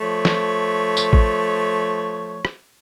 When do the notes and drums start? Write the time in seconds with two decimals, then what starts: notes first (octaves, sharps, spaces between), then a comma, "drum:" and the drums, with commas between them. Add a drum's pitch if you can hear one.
0.01 F3 A3 C#5
0.25 drum: snare
0.97 drum: tambourine
1.13 drum: kick
2.45 drum: rim click